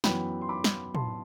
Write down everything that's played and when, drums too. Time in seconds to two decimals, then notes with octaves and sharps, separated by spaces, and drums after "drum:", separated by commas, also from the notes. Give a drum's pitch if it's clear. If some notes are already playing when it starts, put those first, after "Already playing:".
0.04 F#2 E3 B3 G5 B5, drum: snare
0.42 C6
0.49 B5 D6
0.64 drum: snare
0.95 A5 C6, drum: tom